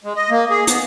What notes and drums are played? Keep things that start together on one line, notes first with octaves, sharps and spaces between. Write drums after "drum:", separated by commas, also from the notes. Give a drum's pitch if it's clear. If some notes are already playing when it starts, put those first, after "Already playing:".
G#3
D#5
A#3
G#4
B3, drum: hi-hat